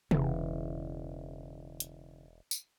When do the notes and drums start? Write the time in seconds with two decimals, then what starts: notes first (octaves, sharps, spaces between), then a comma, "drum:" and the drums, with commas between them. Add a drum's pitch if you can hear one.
0.11 E1 C#3 E3, drum: tom C3
1.80 drum: hi-hat
2.51 drum: tambourine